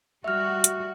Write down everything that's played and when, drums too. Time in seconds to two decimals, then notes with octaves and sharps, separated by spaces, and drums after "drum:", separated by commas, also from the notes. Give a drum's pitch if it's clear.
0.24 G3 F#4 E5 F6
0.64 drum: hi-hat